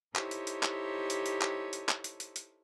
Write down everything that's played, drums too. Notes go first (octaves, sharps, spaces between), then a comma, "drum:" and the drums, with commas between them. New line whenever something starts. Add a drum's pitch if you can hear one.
D#4 E4 G4 A4 C5 C#5, drum: clap
drum: hi-hat
drum: hi-hat
drum: clap
drum: hi-hat
drum: hi-hat
drum: clap
drum: hi-hat
drum: clap
drum: hi-hat
drum: hi-hat
drum: hi-hat